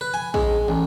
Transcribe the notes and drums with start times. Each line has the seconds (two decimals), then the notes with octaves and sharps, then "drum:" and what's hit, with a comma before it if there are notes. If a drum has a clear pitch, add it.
0.01 B4
0.14 G#5
0.34 G#3, drum: kick A#1
0.68 A1